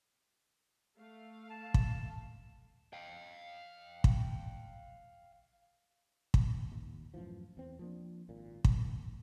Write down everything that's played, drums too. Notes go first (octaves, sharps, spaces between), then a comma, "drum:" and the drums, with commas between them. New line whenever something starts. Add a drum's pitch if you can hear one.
A3 F5
A5
drum: kick
F5 G5
drum: kick
drum: kick
D#2
F#2 A2 E3 F3
E2 C4
F3 A#3 D4
G#1 A#2
F#1, drum: kick